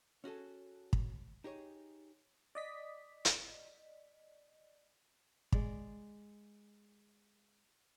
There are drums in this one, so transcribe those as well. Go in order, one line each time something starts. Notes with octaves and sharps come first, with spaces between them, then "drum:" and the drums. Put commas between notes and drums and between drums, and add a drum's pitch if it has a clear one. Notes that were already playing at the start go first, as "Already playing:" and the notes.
C#4 F#4 G#4 A4
drum: kick
D#4 G4 G#4 C#5
D5 D#5 B6
drum: hi-hat
G#3 D5, drum: kick